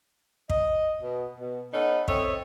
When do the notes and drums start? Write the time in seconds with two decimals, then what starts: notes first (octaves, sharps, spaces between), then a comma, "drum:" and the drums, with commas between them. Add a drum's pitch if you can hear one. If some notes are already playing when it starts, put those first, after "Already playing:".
0.50 D#5, drum: kick
1.02 B2
1.38 B2
1.73 B3 C#4 D#4 A4 B4
2.08 C4 A4 C#5 D#5 E5, drum: kick